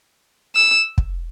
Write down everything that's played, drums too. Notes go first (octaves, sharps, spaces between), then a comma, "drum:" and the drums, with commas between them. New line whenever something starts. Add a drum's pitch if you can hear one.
E6
drum: kick